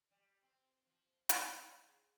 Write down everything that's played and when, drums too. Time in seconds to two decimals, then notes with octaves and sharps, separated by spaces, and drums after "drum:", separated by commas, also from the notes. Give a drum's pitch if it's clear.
0.11 G3
0.42 C4
0.86 F3
1.29 F4, drum: hi-hat
1.85 G#4